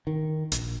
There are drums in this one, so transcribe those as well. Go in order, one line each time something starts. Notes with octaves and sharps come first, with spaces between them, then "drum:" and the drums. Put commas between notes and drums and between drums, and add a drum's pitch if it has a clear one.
D#3
A#1, drum: hi-hat